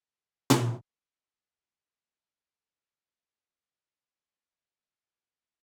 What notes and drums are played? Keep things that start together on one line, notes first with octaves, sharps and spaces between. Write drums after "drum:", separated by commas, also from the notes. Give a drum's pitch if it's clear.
A5
drum: tom A#2
G3 A#5
A4
D#3 F#3 G3 A3
C3
C4
A#1
F#3